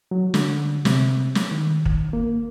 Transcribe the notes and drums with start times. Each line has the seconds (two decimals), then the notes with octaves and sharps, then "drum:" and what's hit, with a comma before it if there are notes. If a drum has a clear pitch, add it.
0.11 F#3
0.34 D3, drum: snare
0.85 C3, drum: snare
1.35 drum: snare
1.51 D#3
1.85 drum: kick
2.13 A#3